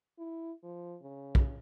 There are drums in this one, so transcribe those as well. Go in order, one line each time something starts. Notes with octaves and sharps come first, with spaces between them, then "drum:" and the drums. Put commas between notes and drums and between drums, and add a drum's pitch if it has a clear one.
E4
F3
C#3
drum: kick